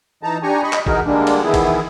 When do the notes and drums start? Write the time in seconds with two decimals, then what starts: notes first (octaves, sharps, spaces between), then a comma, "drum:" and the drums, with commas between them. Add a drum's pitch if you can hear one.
0.23 E3 D#4 A5 A#5
0.43 D4 G4 G#5 A#5 C#6
0.62 D#5 B5 C#6
0.73 drum: clap
0.87 E3 D#4 F#4 G#4 A#4, drum: kick G#1
1.05 D3 G3 G#3 A#3 D4
1.27 drum: cymbal
1.43 D#3 E3 B3 E4 G#4
1.54 drum: kick G#1, cymbal